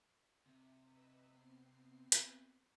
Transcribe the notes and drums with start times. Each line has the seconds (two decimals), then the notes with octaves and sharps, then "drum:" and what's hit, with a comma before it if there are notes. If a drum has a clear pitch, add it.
0.46 C3
0.87 B4 D#5 E6
1.28 B3 C4 C7
2.12 drum: hi-hat